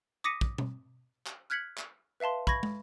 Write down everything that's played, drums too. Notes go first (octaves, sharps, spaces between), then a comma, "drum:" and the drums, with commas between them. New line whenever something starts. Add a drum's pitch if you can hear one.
D6 D#6 A#6 B6 C#7 D#7
drum: kick
drum: tom B2
drum: clap
F6 F#6 G#6 B6 C#7 F#7
drum: clap
B4 E5 F5 A5 C6
B5 C#6 G#6 A#6, drum: kick
drum: tom